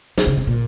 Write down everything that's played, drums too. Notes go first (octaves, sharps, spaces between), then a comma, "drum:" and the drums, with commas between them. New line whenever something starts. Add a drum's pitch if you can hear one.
D#3, drum: snare
C#3
C3
A#2